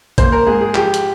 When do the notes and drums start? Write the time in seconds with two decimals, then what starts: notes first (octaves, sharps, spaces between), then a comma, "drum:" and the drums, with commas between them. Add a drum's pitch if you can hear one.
0.18 A#3 C5, drum: kick A1, hi-hat
0.32 A#4
0.47 G#2 G#4
0.61 G#4
0.75 F3 G4, drum: clap
0.94 drum: hi-hat